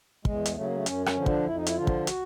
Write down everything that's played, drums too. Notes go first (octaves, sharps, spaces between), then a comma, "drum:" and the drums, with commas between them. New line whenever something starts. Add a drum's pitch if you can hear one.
E2 G#3, drum: kick
drum: hi-hat
C#3 F#3 A3
A#3
A3
F#2 C#4, drum: hi-hat
C#4, drum: rim click
D3 F3
D4, drum: kick
F2 E4
D#4
E4, drum: hi-hat
D3 F3 F4
drum: kick
F#4, drum: hi-hat